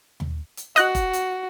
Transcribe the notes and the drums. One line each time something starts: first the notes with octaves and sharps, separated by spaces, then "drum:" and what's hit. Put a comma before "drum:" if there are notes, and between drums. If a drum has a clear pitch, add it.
drum: tom D#2
drum: hi-hat
F#4 D#5 F#6, drum: hi-hat
drum: kick F1, hi-hat
drum: hi-hat